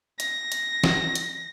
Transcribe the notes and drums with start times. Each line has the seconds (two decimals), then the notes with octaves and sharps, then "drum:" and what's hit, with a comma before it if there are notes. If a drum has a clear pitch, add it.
0.20 A#6, drum: hi-hat
0.52 drum: hi-hat
0.84 drum: snare
1.15 drum: hi-hat